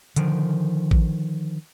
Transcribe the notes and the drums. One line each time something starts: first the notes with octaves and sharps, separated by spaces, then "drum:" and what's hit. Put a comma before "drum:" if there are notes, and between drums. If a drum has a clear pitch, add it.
D3 D#3 F3, drum: hi-hat
drum: kick A1